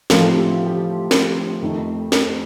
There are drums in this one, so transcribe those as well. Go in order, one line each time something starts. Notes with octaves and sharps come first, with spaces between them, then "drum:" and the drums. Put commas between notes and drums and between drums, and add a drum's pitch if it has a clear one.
A2 F3 C4 D#4 F4 A4, drum: snare
G4
F4
G4
drum: snare
F2 D#3 A3 D#4
drum: snare
C5